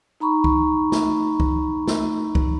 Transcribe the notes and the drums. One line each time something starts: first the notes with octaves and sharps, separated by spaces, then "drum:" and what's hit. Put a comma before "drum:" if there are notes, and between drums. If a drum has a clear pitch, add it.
D#4 A#5 B5 C#6
drum: kick
drum: snare
drum: kick
drum: snare
drum: kick